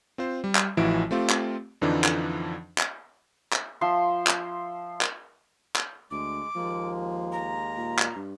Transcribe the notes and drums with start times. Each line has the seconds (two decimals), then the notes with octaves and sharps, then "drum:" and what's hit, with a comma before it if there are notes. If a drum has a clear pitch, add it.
0.18 C4 F4 C5
0.44 G3
0.55 drum: clap
0.77 A1 E3 F3 E4 F#4 D7
1.11 A3 C4 F4 G4
1.30 drum: clap
1.82 F2 D3 E3 F3 D4 D#4
2.04 drum: clap
2.78 drum: clap
3.53 drum: clap
3.81 F3 E5 C6
4.27 drum: clap
5.01 drum: clap
5.76 drum: clap
6.11 D2 G#3 D6
6.56 D#2 F3 G#3 A#3
7.32 A#5
7.77 A#2
7.99 drum: clap
8.16 G2